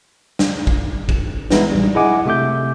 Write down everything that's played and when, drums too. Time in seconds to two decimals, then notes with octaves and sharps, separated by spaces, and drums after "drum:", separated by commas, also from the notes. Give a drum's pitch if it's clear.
0.39 drum: snare
0.67 drum: kick
1.09 drum: kick
1.51 E3 G#3 B3 D#4 E4, drum: snare
1.71 A#1 G3
1.95 E4 G#4 D#5 F#5 G#5 D6
2.26 C3 A3 E5 D6 G6